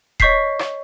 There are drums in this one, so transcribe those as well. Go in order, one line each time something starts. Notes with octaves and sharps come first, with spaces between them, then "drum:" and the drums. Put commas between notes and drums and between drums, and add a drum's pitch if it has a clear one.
C#5 D#5 C#6 G6 B6 C7, drum: kick D#1
drum: rim click